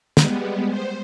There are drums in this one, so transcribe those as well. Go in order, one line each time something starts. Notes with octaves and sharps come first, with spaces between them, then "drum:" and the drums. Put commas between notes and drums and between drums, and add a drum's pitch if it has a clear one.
G3 G#3 B3, drum: snare
C5